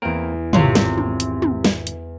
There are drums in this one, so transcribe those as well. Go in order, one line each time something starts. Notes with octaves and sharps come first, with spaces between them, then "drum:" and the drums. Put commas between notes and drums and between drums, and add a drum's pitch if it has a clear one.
E2 A#3 C4 A#4 D7
G#1 C3 F4 C#5, drum: tom
drum: snare
drum: tom
drum: hi-hat
drum: tom
drum: snare
drum: hi-hat